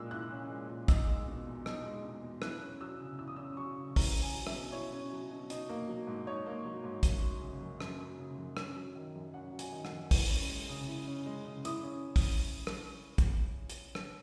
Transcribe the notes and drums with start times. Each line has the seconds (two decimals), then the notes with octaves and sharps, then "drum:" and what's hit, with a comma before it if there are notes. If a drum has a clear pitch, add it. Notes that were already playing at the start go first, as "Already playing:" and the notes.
Already playing: A#2 G#3 C#4 E6 F#6
0.11 E4 F#6
0.31 C#4
0.50 G#3
0.69 A#2
0.88 D#4 E6, drum: kick, hi-hat
1.07 G#3
1.28 B2
1.47 E2
1.66 D#4, drum: rim click
1.85 G#3
2.04 B2
2.23 E2
2.42 E4 F#6, drum: rim click
2.62 C#4
2.81 F#3 E6
3.00 C#3
3.19 E4 E6
3.27 D#6
3.36 C#4 E6
3.57 F#3 C#6
3.77 C#3
3.96 E4 A#5, drum: kick, open hi-hat
4.15 C#4
4.22 G#5
4.35 F#3
4.47 E5, drum: rim click
4.53 B2
4.72 E4 C#5
4.93 C#4
5.12 F#3
5.31 B2
5.50 D#4, drum: hi-hat
5.69 A#3
5.88 F#3
6.07 G#2
6.26 D#4 C#5
6.46 A#3
6.65 F#3
6.84 G#2
7.03 F#2, drum: kick, hi-hat
7.22 F#3
7.41 C#3
7.61 F#2
7.80 F#2, drum: rim click
8.00 F#3
8.19 C#3
8.38 F#2
8.57 C#4, drum: rim click
8.76 F#3
8.95 D#3
9.15 F#2
9.34 C#4 F#5
9.53 F#3
9.59 G#5, drum: hi-hat
9.72 D#3
9.85 F#5, drum: rim click
9.91 F#2
10.11 E4, drum: kick, open hi-hat
10.30 C#4
10.49 G#3
10.69 C#3
10.87 E4
11.07 C#4
11.26 G#3
11.45 C#3
11.65 E4 D#6, drum: hi-hat
11.83 C#4
12.16 drum: kick, open hi-hat
12.67 drum: rim click
13.18 drum: kick, hi-hat
13.70 drum: hi-hat
13.95 drum: rim click